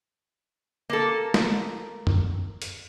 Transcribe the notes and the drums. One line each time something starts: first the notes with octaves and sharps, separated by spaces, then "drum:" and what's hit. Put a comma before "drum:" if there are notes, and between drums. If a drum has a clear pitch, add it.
A#3 A4
drum: snare
drum: tom
drum: hi-hat